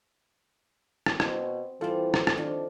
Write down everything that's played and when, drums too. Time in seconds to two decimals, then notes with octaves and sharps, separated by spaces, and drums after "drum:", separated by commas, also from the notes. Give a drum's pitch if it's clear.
1.06 drum: rim click
1.20 B2 C4, drum: rim click
1.81 E3 G3 C4 F4 A4
2.14 drum: rim click
2.27 drum: rim click
2.37 D#3 F3 D4